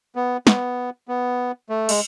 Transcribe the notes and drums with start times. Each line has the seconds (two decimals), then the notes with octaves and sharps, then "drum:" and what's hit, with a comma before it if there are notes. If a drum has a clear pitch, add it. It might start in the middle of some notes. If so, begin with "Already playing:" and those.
0.15 B3
0.47 B3, drum: snare
1.08 B3
1.69 A3
1.89 G#3, drum: cymbal